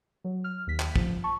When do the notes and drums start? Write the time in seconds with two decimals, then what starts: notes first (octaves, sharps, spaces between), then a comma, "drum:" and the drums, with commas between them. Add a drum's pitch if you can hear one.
0.24 F#3
0.44 F6
0.67 D#2 B6
0.80 drum: clap
0.96 F3, drum: kick
1.24 A5 C#6